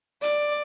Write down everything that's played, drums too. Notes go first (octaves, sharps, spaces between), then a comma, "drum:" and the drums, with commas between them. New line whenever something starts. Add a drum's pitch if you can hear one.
D5, drum: hi-hat